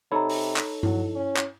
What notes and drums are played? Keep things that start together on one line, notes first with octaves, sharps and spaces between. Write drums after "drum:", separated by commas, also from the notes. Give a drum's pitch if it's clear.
C3 D#4 A4 C#5 A#5 B5
drum: open hi-hat
drum: clap
F#3 E4, drum: tom G2
C#4
drum: clap